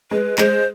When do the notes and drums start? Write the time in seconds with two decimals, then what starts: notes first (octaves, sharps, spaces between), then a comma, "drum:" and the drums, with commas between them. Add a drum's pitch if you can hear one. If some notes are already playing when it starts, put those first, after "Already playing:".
0.11 G#3 B4
0.38 G#3 C5, drum: clap